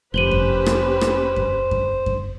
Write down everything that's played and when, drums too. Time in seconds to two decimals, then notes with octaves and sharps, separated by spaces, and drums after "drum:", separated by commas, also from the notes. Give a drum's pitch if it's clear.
0.14 F1 C#4 G4 B4 C5 D#7 F#7 G7
0.31 drum: kick F#2
0.66 drum: rim click
1.01 drum: rim click
1.36 drum: kick F#2
1.71 drum: kick F#2
2.06 drum: kick F#2